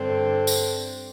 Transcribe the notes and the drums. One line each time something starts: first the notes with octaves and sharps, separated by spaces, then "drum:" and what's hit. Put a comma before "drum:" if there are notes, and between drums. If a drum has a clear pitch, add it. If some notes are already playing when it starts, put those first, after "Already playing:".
Already playing: G2 D3 C4
drum: tambourine